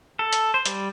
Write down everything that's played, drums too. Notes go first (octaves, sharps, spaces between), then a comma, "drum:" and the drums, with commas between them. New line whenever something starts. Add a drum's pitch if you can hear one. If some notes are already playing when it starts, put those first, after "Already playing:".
A4
drum: hi-hat
C5
G3, drum: hi-hat